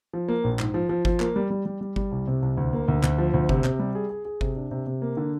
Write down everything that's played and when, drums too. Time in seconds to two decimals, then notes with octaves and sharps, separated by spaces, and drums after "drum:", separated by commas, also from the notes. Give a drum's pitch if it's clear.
0.13 F3
0.28 A#3
0.44 A#1
0.59 G#2, drum: clap
0.74 F3
0.89 F3
1.05 F3, drum: kick G1
1.20 A#3, drum: clap
1.36 G3
1.51 G3
1.66 G3
1.81 G3
1.96 G3, drum: kick G1
2.12 C2
2.27 C3
2.42 C2
2.57 D2
2.73 A#3
2.88 D2
3.03 D2, drum: clap
3.18 F3
3.34 D2
3.49 C3, drum: kick G1
3.64 C3, drum: clap
3.79 G3
3.95 G#4
4.10 G#4
4.25 G#4
4.41 C3, drum: kick G1
4.56 D4
4.71 C3
4.86 C3
5.02 A#3
5.17 D3